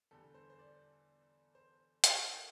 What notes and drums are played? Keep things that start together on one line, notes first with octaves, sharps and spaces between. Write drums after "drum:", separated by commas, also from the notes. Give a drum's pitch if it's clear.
E2 D3 G3 A4
C5
C5
D5
C5
drum: hi-hat
A4
A#4